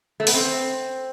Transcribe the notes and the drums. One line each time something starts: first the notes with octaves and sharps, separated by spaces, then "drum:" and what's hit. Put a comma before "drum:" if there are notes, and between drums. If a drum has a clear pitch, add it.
A3
B3, drum: open hi-hat
C4